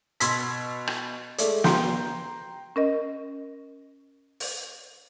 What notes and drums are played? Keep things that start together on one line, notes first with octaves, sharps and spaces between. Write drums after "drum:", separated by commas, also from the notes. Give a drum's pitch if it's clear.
B2 C6 E6 G#6 B6, drum: hi-hat
drum: rim click
G#3 A3 D5 E5, drum: hi-hat
G5 A#5 C6 G6, drum: snare
C#4 A#4 D#5
drum: open hi-hat